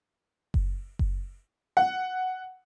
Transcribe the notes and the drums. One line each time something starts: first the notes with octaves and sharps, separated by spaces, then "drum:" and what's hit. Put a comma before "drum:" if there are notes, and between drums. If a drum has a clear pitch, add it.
drum: kick F#1
drum: kick F#1
F#5